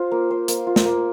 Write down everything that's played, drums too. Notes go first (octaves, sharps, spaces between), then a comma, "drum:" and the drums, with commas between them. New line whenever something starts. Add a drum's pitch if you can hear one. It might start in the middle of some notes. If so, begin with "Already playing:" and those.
Already playing: F4 C5
A#3
C5
A#3, drum: hi-hat
F4
drum: snare
A#3